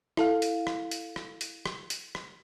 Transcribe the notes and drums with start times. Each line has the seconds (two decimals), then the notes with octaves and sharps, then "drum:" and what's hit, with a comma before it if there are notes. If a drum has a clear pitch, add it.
0.17 E4 A4 F5, drum: rim click
0.42 drum: hi-hat
0.67 drum: rim click
0.91 drum: hi-hat
1.16 drum: rim click
1.41 drum: hi-hat
1.66 drum: rim click
1.90 drum: hi-hat
2.15 drum: rim click